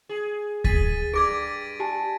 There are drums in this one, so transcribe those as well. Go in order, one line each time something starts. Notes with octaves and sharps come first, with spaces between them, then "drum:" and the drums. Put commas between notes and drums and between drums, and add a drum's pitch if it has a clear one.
G#4
G#4 A6 B6 D#7, drum: kick D2
G2 G#4 D6 G#6 A#6 D7
G4 G#5 A5